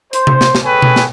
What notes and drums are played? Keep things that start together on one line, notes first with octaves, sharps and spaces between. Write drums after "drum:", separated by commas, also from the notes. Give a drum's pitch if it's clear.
C5, drum: hi-hat
drum: tom C3
drum: snare
drum: snare
G#4 A4 B4 C#5 G5 G#5
drum: tom B2
drum: snare